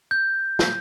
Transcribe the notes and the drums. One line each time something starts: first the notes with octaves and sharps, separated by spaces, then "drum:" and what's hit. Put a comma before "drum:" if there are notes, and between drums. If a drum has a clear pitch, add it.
G6
drum: snare